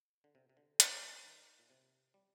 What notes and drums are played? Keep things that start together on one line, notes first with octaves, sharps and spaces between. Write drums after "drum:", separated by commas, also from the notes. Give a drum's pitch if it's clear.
D3
C3
C3
D3
D#3, drum: hi-hat
G3
D#3
A#2
C3
G3